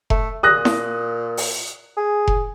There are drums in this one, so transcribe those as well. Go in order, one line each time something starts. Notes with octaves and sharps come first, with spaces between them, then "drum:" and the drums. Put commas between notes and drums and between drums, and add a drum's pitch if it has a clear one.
A3, drum: kick F1
A#2 D#6 F#6 A#6
drum: snare E4
drum: open hi-hat
G#4
drum: kick F1